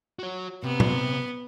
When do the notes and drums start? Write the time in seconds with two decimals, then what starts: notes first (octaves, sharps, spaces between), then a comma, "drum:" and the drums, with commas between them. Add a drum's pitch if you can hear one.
0.19 F#4 C#5
0.63 C3 B3
0.80 drum: tom A#2